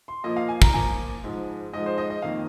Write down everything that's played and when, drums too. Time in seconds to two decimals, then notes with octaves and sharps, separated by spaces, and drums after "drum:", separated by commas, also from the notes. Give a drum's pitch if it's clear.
0.08 C6
0.24 A#2 F3 A#3 D#5
0.36 F5
0.48 G#5
0.62 A#5, drum: kick
0.74 A#2 F3 A#3 G#5
1.24 G#2 F3 G#3
1.73 G#2 F3 G#3 D#5
1.86 C5
1.98 D#5
2.10 D#5
2.22 F2 D#3 A#3 F5